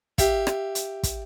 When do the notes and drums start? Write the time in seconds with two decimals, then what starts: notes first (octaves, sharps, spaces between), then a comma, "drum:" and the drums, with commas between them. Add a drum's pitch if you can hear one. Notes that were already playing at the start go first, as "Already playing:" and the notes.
0.18 G4 E5 F5, drum: kick, hi-hat
0.47 drum: rim click
0.75 drum: hi-hat
1.03 drum: kick, hi-hat